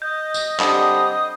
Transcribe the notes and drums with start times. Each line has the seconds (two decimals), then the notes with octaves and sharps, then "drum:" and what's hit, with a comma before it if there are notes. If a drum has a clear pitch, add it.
0.02 D#5 G6
0.34 drum: tambourine
0.60 D3 G3 C4 D#6, drum: clap